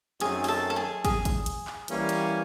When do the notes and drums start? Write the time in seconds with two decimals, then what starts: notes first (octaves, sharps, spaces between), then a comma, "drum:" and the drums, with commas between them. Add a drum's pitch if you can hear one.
0.20 F#2 D#3 F#3 A3 C4 G#4, drum: hi-hat
0.44 G#4, drum: open hi-hat
0.48 A4
0.70 A4
0.76 G#4
1.05 G#4, drum: kick, hi-hat
1.25 drum: kick, hi-hat
1.46 drum: hi-hat
1.67 drum: clap
1.88 E3 G3 A#3 C#4, drum: hi-hat
2.09 drum: hi-hat